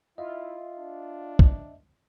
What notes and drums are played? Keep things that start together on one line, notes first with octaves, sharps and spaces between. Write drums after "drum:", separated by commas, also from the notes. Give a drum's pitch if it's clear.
E4 F4 D#5 E5
D4
drum: kick